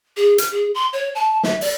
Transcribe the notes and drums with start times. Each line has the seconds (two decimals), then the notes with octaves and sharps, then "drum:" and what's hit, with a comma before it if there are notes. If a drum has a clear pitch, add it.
0.17 G#4
0.38 F6, drum: hi-hat
0.51 G#4
0.75 C6
0.93 C#5
1.15 A5
1.43 E5, drum: snare
1.61 D5, drum: open hi-hat